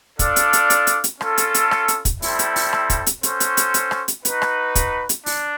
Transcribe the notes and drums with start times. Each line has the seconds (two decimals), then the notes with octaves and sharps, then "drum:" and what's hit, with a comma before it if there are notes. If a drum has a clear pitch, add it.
0.19 D4 F4 A4 D5 F5, drum: kick, hi-hat
0.36 drum: hi-hat
0.53 drum: hi-hat
0.70 drum: hi-hat
0.87 drum: hi-hat
1.04 drum: hi-hat
1.21 C#4 F4 A4, drum: rim click
1.38 drum: hi-hat
1.54 drum: hi-hat
1.71 drum: rim click
1.88 drum: hi-hat
2.05 drum: kick, hi-hat
2.22 G3 C4 E4 A4 C5, drum: open hi-hat
2.39 drum: hi-hat
2.56 drum: open hi-hat
2.73 drum: rim click
2.90 drum: kick, hi-hat
3.06 drum: hi-hat
3.23 C#4 F#4 A4 C5, drum: hi-hat
3.40 drum: hi-hat
3.57 drum: hi-hat
3.74 drum: hi-hat
3.91 drum: rim click
4.08 drum: hi-hat
4.25 D#4 F#4 B4, drum: hi-hat
4.42 drum: rim click
4.75 drum: kick, hi-hat
5.09 drum: hi-hat
5.26 D4, drum: open hi-hat